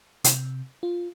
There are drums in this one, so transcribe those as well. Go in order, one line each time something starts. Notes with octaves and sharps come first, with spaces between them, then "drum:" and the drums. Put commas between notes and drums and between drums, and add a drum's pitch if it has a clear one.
C3, drum: hi-hat
F4